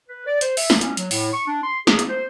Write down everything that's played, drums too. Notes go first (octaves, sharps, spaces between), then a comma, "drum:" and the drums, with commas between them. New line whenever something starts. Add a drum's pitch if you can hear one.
B4
D5
C5, drum: hi-hat
E5, drum: open hi-hat
drum: snare
C#4, drum: hi-hat
F#3, drum: hi-hat
A2, drum: open hi-hat
C#6
D4
C6
G#4, drum: snare
drum: hi-hat
C5